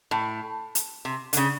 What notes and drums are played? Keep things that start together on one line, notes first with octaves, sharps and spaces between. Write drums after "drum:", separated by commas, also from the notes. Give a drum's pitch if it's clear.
A2
drum: hi-hat
C3
D3, drum: hi-hat
C#3